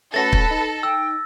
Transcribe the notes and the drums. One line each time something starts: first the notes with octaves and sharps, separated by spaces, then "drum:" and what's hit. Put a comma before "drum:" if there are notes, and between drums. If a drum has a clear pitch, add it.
A3 C#4 F#4 A4 B4 A6 A#6
drum: kick
D#4
G5 E6